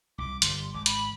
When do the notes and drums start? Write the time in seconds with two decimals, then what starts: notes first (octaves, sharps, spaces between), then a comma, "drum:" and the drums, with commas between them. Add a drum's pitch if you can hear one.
0.18 C2 D6
0.42 G1 G3 C6, drum: hi-hat
0.74 G#1 D6
0.86 B5, drum: hi-hat